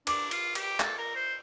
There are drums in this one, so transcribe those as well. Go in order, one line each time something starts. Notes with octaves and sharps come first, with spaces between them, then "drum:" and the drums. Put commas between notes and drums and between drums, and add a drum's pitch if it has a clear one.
D4 D6, drum: cymbal
F4, drum: cymbal
G4, drum: cymbal
A4, drum: clap
A#4
C5